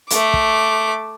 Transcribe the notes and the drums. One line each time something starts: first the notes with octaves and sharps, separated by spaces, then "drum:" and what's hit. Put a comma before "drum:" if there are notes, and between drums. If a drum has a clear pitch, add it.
A3 D6, drum: hi-hat
drum: kick